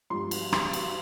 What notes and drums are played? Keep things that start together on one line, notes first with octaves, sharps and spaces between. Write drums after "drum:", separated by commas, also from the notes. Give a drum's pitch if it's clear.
G2 F3 C6
drum: cymbal
C6, drum: rim click
drum: cymbal